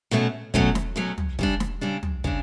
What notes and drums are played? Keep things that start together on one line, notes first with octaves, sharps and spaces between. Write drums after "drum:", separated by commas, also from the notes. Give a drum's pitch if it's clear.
B2 F#3 A3 C#4
B2 F#3 A3 C#4, drum: kick
drum: snare
B2 F#3 A3 C#4
drum: tom
C#3 G3 D4, drum: kick
drum: snare
C#3 G3 D4
drum: tom
C#3 G3 D4, drum: kick